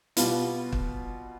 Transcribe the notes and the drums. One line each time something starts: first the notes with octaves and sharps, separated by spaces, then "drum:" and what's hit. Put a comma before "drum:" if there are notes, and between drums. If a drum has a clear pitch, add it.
B2 G3 B3 F4, drum: hi-hat
drum: kick